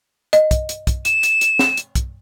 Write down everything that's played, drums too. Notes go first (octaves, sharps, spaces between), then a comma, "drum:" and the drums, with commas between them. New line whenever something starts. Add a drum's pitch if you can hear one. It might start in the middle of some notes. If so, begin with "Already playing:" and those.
D#5, drum: hi-hat
drum: kick, hi-hat
drum: hi-hat
drum: kick, hi-hat
E7, drum: hi-hat
drum: hi-hat
drum: hi-hat
drum: snare
drum: hi-hat
drum: kick, hi-hat